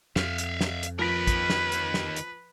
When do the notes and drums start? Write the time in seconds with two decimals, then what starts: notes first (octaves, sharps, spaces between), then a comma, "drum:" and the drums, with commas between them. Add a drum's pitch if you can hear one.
0.16 F2 E5 F5, drum: snare
0.38 drum: hi-hat
0.61 drum: snare
0.83 drum: hi-hat
0.99 D#2 F3 A#4 B4 B6
1.27 drum: kick, hi-hat
1.50 drum: snare
1.72 drum: hi-hat
1.94 drum: snare
2.16 drum: hi-hat